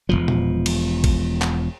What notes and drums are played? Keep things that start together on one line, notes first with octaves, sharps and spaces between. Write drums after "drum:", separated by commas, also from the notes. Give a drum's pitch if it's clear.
E1 B1 F3
drum: tom A#2
drum: cymbal
drum: kick A1, cymbal
drum: clap